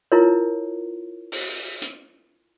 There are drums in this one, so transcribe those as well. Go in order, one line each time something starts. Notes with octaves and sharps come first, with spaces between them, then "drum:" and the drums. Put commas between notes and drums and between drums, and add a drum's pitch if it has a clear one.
E4 F4 A#4 B4 C#5
drum: open hi-hat
drum: hi-hat